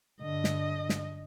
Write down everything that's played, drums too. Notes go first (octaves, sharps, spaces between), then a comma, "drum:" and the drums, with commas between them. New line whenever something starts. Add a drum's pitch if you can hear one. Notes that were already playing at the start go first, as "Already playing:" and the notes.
G2 D3 D#5
drum: snare
drum: snare